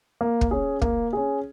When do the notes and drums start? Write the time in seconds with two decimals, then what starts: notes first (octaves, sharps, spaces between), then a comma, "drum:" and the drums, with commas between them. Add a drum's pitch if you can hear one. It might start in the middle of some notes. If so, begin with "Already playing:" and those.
0.21 A#3
0.41 drum: kick
0.51 C#4 G#4
0.82 A#3, drum: kick
1.13 C#4 G#4